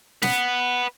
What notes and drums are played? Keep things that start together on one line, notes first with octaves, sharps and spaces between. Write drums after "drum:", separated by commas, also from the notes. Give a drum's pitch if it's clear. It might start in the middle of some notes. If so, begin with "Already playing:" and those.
B4 F#5, drum: snare